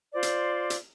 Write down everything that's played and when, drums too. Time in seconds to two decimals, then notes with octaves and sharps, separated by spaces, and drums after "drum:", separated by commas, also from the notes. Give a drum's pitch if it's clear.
0.13 F4 C5 D5
0.23 drum: hi-hat
0.70 drum: hi-hat